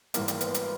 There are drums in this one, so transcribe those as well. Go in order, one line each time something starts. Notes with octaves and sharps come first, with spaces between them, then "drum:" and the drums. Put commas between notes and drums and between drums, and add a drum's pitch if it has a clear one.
G#1 G#2 E3 G3 A#3, drum: hi-hat
drum: hi-hat
B3, drum: hi-hat
drum: hi-hat